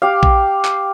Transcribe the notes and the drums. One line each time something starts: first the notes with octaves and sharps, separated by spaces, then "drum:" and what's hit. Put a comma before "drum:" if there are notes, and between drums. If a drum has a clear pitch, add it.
G4 F5
drum: kick
drum: clap